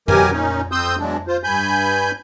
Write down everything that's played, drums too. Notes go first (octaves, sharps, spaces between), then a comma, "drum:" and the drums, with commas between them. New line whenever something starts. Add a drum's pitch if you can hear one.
B2 E3 F#3 G4 A#4 G#5, drum: tom F2
A#2 C#4 D#4
F2 C4 C6 D#6 E6 G6
B2 E3 F#3 G#3 D4
F4 C5
G2 G#5 B5 G6